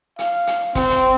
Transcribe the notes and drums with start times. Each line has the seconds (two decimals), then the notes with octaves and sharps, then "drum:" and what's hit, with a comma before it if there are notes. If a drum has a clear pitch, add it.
0.19 F5, drum: hi-hat
0.47 drum: hi-hat
0.75 C4, drum: kick, hi-hat
0.90 drum: hi-hat